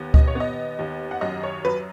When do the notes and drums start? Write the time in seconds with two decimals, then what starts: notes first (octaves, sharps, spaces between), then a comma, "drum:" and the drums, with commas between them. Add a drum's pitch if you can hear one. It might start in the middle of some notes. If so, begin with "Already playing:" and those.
Already playing: D#2 B3
0.14 D#5, drum: kick C#2
0.28 C#5
0.35 B3
0.40 D#5
0.79 D#2
1.11 F#5
1.21 F#2 D#5
1.43 C#5
1.65 F#3 B4